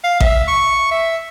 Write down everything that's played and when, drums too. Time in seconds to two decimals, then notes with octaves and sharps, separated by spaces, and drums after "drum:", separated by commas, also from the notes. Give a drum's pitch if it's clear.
0.04 F5
0.20 E5, drum: kick A1
0.47 C#6
0.91 E5